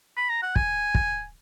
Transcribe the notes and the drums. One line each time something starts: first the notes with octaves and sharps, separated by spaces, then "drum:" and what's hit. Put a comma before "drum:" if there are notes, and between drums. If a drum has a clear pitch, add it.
B5
A#5
F#5
G#5, drum: kick
drum: kick